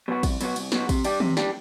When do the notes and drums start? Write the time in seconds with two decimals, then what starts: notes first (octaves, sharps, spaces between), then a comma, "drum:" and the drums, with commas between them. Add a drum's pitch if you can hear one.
0.08 B2 F#3 B3 F#4
0.23 C2, drum: kick, cymbal
0.41 B2 F#3 B3 F#4, drum: cymbal
0.56 C2, drum: cymbal
0.72 B2 F#3 B3 F#4, drum: snare
0.89 C3, drum: kick, cymbal
1.04 G3 D4 G4, drum: cymbal
1.20 C3, drum: tom
1.37 G3 D4 G4, drum: snare